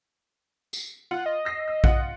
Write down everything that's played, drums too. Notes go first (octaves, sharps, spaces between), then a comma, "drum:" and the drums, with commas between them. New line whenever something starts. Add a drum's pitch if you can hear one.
drum: tambourine
F4 F#5
D#5
E6 A#6 C7
E6
F4 F#5 F#6, drum: kick A#1